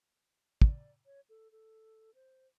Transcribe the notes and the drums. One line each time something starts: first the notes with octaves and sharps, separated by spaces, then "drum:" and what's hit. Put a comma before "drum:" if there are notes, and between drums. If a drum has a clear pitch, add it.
D5, drum: kick
C#5
A4
A4
C5